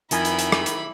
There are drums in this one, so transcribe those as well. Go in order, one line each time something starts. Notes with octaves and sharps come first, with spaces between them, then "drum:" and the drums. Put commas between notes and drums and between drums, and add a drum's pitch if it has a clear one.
F2 D#3 F3 E4 G#5 B5, drum: hi-hat
drum: hi-hat
drum: hi-hat
drum: rim click
drum: hi-hat